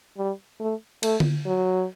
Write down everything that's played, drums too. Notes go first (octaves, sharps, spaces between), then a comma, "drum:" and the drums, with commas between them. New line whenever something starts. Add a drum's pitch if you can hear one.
G3
A3
A3, drum: cymbal
drum: tom D3
F#3